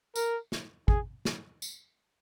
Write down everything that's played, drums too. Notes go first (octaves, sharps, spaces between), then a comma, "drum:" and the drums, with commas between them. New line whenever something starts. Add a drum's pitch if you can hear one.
A#4, drum: tambourine
drum: snare
G#4, drum: kick
drum: snare
drum: tambourine